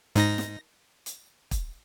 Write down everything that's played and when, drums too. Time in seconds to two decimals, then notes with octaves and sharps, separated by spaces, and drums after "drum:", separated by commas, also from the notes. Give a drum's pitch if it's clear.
0.15 G#2 D#4 A#6, drum: hi-hat
0.38 drum: snare
1.06 drum: hi-hat
1.51 drum: kick, hi-hat